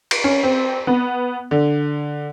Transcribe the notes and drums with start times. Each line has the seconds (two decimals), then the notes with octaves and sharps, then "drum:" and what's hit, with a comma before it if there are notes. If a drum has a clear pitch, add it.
0.11 drum: cymbal
0.24 C#4
0.43 C4
0.87 B3
1.51 D3